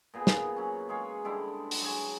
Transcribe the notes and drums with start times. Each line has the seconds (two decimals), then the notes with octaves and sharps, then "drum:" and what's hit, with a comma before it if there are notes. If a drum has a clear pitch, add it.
0.14 A#2 B3 G#4
0.27 drum: snare
0.56 F#3 C#4
0.89 G#3 G#4 C#5 F5
1.25 D3 G3 G#3 E4
1.71 drum: open hi-hat
1.82 F#3 G#4 C#5